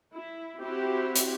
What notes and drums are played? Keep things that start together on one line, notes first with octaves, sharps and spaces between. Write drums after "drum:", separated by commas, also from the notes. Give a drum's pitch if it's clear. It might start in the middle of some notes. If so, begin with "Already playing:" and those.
E4
C4 E4 F#4 G4
drum: hi-hat